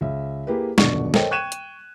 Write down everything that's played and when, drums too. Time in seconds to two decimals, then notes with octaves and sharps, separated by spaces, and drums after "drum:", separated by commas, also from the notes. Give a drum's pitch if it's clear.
0.01 C#2 E5
0.47 A#3 E4 G4 G#4 B4
0.78 D#1 F#2 B2 D3 D5 C#6, drum: snare
1.14 A4 A#4 C5 C#5 D#5 G5, drum: snare
1.31 G5 C#6 F#6 G#6 D#7 E7
1.52 drum: hi-hat